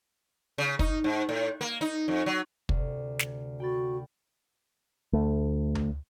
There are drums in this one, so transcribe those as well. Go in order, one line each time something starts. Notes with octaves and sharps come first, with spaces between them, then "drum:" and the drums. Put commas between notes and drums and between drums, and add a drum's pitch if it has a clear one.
C#3
D#4, drum: kick
G#2
A2
A#3
D#4
F2
F#3
D2 C3, drum: kick
drum: snare
F#4 G5 B5 A6
D2 A3
drum: tom D2